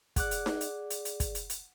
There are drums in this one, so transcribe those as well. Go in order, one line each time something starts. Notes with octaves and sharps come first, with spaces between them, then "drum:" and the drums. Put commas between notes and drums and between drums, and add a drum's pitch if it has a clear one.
G#4 D5 F#5 D6 F#6, drum: kick, hi-hat
drum: hi-hat
drum: snare D#4
drum: hi-hat
drum: hi-hat
drum: hi-hat
drum: kick, hi-hat
drum: hi-hat
drum: hi-hat